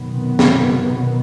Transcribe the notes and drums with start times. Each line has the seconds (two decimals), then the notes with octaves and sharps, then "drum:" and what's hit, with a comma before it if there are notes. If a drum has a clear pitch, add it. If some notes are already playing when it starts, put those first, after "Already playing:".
Already playing: F#2 B2 D#3 F#3 B3
0.14 C3
0.39 C3, drum: snare
0.64 C3
0.90 B2